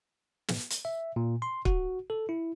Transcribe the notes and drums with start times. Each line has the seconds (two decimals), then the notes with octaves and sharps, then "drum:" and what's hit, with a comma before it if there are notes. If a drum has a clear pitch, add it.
0.48 drum: snare
0.70 drum: hi-hat
0.85 E5
1.16 A#2
1.42 C6
1.65 F#4, drum: kick
2.10 A4
2.29 E4